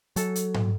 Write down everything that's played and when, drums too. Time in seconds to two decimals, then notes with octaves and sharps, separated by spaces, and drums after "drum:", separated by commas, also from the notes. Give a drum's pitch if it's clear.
0.16 F#3 A4, drum: hi-hat
0.36 drum: hi-hat
0.54 drum: tom G#2